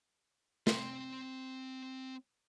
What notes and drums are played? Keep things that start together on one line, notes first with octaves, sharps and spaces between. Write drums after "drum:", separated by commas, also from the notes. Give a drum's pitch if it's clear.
C4 C6, drum: snare